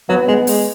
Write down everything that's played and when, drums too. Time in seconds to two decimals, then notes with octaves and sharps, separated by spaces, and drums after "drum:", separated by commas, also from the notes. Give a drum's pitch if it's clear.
0.09 F#3 B3
0.28 G#3 B3
0.47 G#3, drum: open hi-hat